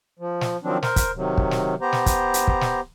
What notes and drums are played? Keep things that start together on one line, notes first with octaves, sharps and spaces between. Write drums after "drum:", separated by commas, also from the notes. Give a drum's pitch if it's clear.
F3
drum: snare
D#3 F3 F#3 C4 D4
A#4 C5, drum: snare
drum: kick, hi-hat
C3 D#3 F#3
drum: kick
drum: snare
B3 G4 C5 A#5
drum: snare
drum: kick, hi-hat
drum: hi-hat
drum: kick
drum: snare